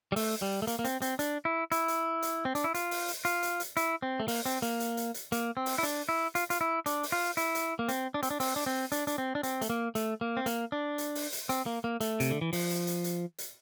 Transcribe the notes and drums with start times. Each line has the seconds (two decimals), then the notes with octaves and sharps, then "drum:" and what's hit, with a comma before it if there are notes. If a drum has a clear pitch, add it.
0.12 G3
0.16 A3, drum: open hi-hat
0.42 G3
0.62 A3
0.67 A#3, drum: hi-hat
0.79 A#3
0.84 C4, drum: hi-hat
1.02 C4, drum: hi-hat
1.19 D4, drum: hi-hat
1.45 E4
1.72 E4, drum: hi-hat
1.88 drum: hi-hat
2.22 drum: hi-hat
2.45 C4
2.55 D4, drum: hi-hat
2.64 E4
2.74 F4, drum: hi-hat
2.91 drum: open hi-hat
3.08 drum: hi-hat
3.25 F4, drum: hi-hat
3.43 drum: hi-hat
3.60 drum: hi-hat
3.77 E4, drum: hi-hat
4.02 C4
4.20 A3
4.28 A#3, drum: open hi-hat
4.45 C4, drum: hi-hat
4.62 A#3, drum: hi-hat
4.80 drum: hi-hat
4.97 drum: hi-hat
5.14 drum: hi-hat
5.32 A#3, drum: hi-hat
5.57 C4
5.66 drum: open hi-hat
5.78 E4
5.83 D4, drum: hi-hat
6.09 E4
6.35 F4, drum: hi-hat
6.50 F4, drum: hi-hat
6.61 E4
6.86 D4, drum: hi-hat
7.03 drum: open hi-hat
7.12 F4
7.37 E4, drum: hi-hat
7.55 drum: hi-hat
7.79 A#3
7.88 C4, drum: hi-hat
8.14 D4
8.23 C4, drum: hi-hat
8.30 D4
8.40 C4, drum: open hi-hat
8.56 D4
8.66 C4
8.92 D4, drum: hi-hat
9.07 D4, drum: hi-hat
9.18 C4
9.35 D4
9.43 C4, drum: hi-hat
9.61 A3, drum: hi-hat
9.70 A#3
9.95 A3, drum: hi-hat
10.21 A#3
10.37 C4
10.46 A#3, drum: hi-hat
10.72 D4
10.98 drum: hi-hat
11.15 drum: open hi-hat
11.32 drum: hi-hat
11.49 C4, drum: hi-hat
11.66 A#3
11.84 A#3
12.01 A3, drum: hi-hat
12.20 C3, drum: hi-hat
12.31 D3
12.41 E3
12.53 F3, drum: open hi-hat
12.70 drum: hi-hat
12.87 drum: hi-hat
13.04 drum: hi-hat
13.38 drum: hi-hat